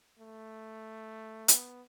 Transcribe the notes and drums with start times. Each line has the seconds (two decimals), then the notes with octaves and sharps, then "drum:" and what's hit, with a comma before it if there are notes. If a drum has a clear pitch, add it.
0.19 A3
1.48 B3, drum: hi-hat